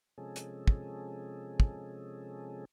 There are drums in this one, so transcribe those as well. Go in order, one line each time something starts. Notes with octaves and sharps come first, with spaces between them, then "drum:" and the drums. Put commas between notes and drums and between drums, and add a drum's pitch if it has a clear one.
C3 F3 G#3 C#4 G#4 A4
drum: hi-hat
drum: kick
drum: kick